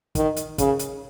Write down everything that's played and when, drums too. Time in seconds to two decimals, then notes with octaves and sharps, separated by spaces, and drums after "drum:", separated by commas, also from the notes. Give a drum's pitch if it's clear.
0.15 D#3, drum: kick, hi-hat
0.36 drum: hi-hat
0.58 C#3, drum: kick, hi-hat
0.79 drum: hi-hat